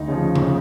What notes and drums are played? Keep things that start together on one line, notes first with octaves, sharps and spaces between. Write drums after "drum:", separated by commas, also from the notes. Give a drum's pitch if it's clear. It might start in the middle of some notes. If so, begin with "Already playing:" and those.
Already playing: D2 D#4
C#3 F3
drum: tom C#3